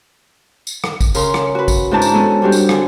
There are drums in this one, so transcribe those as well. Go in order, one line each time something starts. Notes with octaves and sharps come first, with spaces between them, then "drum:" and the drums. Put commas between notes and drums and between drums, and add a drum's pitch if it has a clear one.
drum: tambourine
drum: rim click
drum: kick, tambourine
C#3 A#4 C6, drum: tambourine
drum: rim click
F#4 B4
drum: kick, tambourine
G#2 E3 C4 D4 A5 A#5
drum: tambourine
G#3 B3 C#4 D4 A4
G3 C4 D4 F#4 G4
drum: tambourine
D3 G#5, drum: rim click